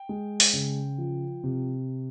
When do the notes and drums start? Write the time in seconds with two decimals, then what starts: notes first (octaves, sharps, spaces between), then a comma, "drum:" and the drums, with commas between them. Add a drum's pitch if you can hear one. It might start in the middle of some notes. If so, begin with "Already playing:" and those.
Already playing: G5
0.09 G#3
0.40 drum: open hi-hat
0.53 C#3
0.98 F3
1.44 C3